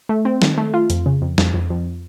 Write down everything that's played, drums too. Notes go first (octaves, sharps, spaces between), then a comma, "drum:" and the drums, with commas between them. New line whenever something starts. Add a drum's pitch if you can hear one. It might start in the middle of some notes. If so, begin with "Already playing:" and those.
A3
C4
D#3, drum: snare
A3
F4
F2, drum: hi-hat
C#3
F2
F2, drum: snare
F2
F2